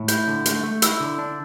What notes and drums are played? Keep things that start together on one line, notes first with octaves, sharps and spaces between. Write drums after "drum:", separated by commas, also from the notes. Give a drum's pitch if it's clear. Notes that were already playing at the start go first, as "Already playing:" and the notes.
Already playing: A2
E4 G6, drum: hi-hat
D3
A3, drum: hi-hat
A3
E4 E6, drum: hi-hat
D3
D4